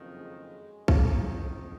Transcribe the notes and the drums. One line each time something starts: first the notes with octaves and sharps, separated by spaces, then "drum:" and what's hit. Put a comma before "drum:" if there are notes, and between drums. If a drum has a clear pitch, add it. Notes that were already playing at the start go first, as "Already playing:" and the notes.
Already playing: F#1 F2 D#3
G#3
F#1 F2 D#3 A#3, drum: kick